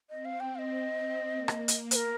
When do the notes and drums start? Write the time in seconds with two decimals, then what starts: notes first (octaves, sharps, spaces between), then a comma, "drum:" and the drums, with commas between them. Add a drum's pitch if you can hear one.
0.10 C4 D#5
0.25 F5
0.40 G5
0.55 F5
0.59 D#5
1.30 A#3
1.48 drum: rim click
1.68 drum: hi-hat
1.91 C5, drum: hi-hat
1.96 A#4